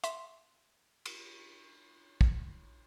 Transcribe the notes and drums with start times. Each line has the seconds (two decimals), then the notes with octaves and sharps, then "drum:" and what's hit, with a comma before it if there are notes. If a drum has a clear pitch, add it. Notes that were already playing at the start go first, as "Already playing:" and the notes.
0.04 E5 C6, drum: hi-hat
1.05 drum: cymbal
2.21 drum: kick